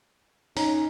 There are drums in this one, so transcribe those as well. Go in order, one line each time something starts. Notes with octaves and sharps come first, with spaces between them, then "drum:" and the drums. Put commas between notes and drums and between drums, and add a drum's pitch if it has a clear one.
C#4 D#4 A#5, drum: open hi-hat